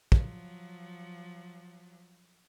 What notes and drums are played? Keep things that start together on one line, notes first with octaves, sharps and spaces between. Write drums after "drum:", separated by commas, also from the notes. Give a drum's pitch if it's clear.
F3 F#3, drum: kick